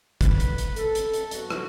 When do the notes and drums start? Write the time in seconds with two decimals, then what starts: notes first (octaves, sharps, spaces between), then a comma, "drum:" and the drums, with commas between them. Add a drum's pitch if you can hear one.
0.21 G2 D3 F#3 B3 B4, drum: kick, hi-hat
0.40 drum: hi-hat
0.58 drum: hi-hat
0.76 A4, drum: hi-hat
0.95 drum: hi-hat
1.14 drum: hi-hat
1.31 G2 F#3 B3 F#4, drum: hi-hat
1.50 drum: rim click